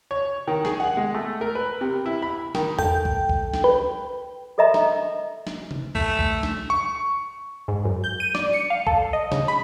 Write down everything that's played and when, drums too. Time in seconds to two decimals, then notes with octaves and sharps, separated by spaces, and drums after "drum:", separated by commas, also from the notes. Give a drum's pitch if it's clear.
0.11 C#5
0.47 D#3
0.65 G#4, drum: snare
0.80 F#5
0.97 G#3
1.14 A3
1.41 A#4
1.55 B4
1.81 C3
2.06 E4
2.22 B5
2.55 D#3, drum: snare
2.79 A4 G5, drum: tom E2
3.05 drum: kick
3.29 drum: kick
3.54 drum: snare
3.64 B4
4.58 A4 A#4 D#5 E5 A#5
4.74 drum: snare
5.47 drum: snare
5.71 drum: tom C3
5.95 A3, drum: kick
6.19 drum: kick
6.43 drum: snare
6.70 C#6
7.68 G#2
7.85 F#2
8.04 G6
8.20 D#7
8.35 D5, drum: snare
8.53 C#7
8.70 F5
8.87 A4, drum: kick
9.13 D#5
9.32 C#3, drum: snare
9.48 B5